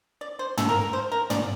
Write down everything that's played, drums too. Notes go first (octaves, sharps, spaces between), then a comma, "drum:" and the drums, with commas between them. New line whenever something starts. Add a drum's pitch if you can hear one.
D5
C5
A4, drum: tom
A#4
A#4
C5
A#4
D5, drum: tom